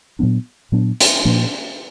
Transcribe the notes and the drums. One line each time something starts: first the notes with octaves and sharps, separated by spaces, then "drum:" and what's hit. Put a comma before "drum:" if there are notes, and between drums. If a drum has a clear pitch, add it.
A#2 F#3 B3 D4
A#2 F#3 B3 D4
drum: hi-hat
A#2 F3 A#3 D4